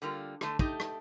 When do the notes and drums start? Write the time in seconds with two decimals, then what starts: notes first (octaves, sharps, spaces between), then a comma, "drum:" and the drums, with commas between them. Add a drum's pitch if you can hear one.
0.02 D3 G3 A#3 F4
0.41 D3 A3, drum: rim click
0.59 A3 D#4 G4, drum: kick
0.80 drum: rim click